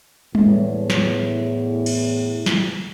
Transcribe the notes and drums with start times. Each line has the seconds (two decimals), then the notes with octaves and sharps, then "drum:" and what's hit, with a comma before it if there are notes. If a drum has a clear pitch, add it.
0.35 E2 A2, drum: tom G3
0.90 drum: snare
1.86 drum: cymbal
2.46 drum: snare